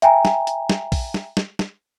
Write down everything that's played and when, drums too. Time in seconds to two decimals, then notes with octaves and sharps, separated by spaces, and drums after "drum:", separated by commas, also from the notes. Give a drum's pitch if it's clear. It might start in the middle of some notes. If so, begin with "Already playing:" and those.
0.02 E5 G5 G#5 A#5, drum: hi-hat
0.25 drum: snare
0.47 drum: hi-hat
0.70 drum: snare
0.92 drum: kick A#1, open hi-hat
1.14 drum: snare
1.37 drum: snare
1.59 drum: snare